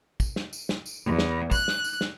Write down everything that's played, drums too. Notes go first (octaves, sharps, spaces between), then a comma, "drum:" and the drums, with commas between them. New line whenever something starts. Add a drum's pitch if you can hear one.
drum: kick, tambourine
drum: snare
drum: tambourine
drum: snare
drum: tambourine
E2
drum: snare
F#6, drum: kick, tambourine
drum: snare
drum: tambourine
drum: snare